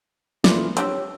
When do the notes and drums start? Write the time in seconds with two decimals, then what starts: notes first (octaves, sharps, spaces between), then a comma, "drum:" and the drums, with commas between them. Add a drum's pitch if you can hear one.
0.44 E3 A3 A#3 F4 D5, drum: snare
0.77 C4 D4 G4 C#5 E6, drum: hi-hat